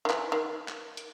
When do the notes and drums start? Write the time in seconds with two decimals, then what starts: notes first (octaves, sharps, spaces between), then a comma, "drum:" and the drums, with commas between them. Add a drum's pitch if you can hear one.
0.05 D#3
0.10 E3, drum: clap
0.32 D#3
0.68 drum: clap
0.97 drum: hi-hat